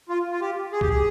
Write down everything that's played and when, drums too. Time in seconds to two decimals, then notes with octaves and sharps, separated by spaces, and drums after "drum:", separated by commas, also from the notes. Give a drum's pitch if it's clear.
0.09 F4
0.32 F4
0.41 G4
0.72 G#4
0.81 G4, drum: kick C2
0.89 G#4